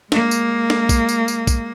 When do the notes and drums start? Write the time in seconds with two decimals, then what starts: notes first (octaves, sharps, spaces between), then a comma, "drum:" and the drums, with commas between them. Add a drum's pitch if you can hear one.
0.12 G#3 A#3, drum: snare
0.31 drum: tambourine
0.70 drum: snare
0.89 drum: kick, tambourine
1.09 drum: tambourine
1.28 drum: tambourine
1.47 drum: kick, tambourine